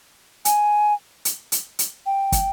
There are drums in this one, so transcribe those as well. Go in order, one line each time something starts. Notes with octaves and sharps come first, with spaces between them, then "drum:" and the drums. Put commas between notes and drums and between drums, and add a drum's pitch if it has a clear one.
G#5, drum: hi-hat
drum: hi-hat
drum: hi-hat
drum: hi-hat
G5
drum: kick, hi-hat